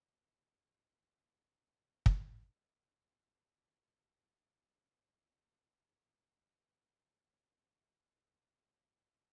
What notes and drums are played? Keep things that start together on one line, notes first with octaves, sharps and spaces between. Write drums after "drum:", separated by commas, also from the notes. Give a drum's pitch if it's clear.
A#3 C4 F#4 C5
drum: kick
C4
A3
A3
B3
D4
F#5
F3
G3
E5
C#3
G#4
F#3 A#3 C#4 A4 C6 D6
F5